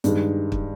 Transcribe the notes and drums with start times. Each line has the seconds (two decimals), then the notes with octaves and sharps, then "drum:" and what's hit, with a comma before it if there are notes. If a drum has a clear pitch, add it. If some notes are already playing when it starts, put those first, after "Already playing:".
0.04 G2 D#3 G#3, drum: hi-hat
0.52 drum: kick